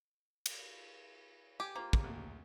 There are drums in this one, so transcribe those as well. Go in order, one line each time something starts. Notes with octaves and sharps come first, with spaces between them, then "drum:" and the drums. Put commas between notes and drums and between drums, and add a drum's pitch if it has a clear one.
drum: cymbal
G4 G#5
A#3 F4 C5
drum: kick
D2 A#2